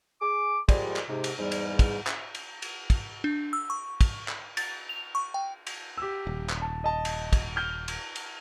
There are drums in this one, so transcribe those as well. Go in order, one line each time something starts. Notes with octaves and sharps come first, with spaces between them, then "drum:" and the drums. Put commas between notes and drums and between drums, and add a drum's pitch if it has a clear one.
G#4 D6
D#3 F3 G3 G#3 D5, drum: kick, cymbal
drum: clap
G#2 C3
drum: cymbal
E2 G#2 G3
drum: cymbal
drum: kick, cymbal
drum: clap
drum: cymbal
drum: cymbal
drum: kick, cymbal
D4
E6
C#6
drum: kick, cymbal
drum: clap
A6, drum: cymbal
F7
C#6
G5
drum: cymbal
G4 E6
D#1
drum: clap
A5
D#5 A5
drum: cymbal
drum: kick, cymbal
F6 G6
drum: cymbal
drum: cymbal